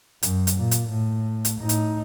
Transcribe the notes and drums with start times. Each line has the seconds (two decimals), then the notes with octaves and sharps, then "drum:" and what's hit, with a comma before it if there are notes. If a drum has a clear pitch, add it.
0.23 F#2, drum: hi-hat
0.47 drum: hi-hat
0.57 A#2
0.71 drum: hi-hat
0.89 A2
1.45 drum: hi-hat
1.60 A2 D#4
1.69 drum: hi-hat